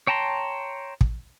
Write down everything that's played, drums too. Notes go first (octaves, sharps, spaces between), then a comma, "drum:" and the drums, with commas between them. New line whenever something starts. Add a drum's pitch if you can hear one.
C#5 G5 A5 A#5 C6
drum: kick